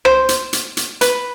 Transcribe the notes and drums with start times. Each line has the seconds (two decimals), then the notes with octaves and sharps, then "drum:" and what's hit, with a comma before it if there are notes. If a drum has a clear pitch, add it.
0.05 C5, drum: rim click
0.29 drum: hi-hat
0.53 drum: hi-hat
0.77 drum: hi-hat
1.01 B4, drum: hi-hat